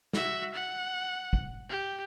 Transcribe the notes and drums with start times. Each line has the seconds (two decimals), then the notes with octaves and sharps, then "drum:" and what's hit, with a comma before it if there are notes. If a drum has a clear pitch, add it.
0.13 F#4 E5, drum: snare
0.54 F#5
1.33 drum: kick
1.69 G4